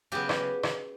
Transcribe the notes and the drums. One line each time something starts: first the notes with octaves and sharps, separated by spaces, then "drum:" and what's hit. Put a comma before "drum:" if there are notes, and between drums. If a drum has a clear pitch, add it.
C#3 F#3 B3 G4
drum: rim click
drum: rim click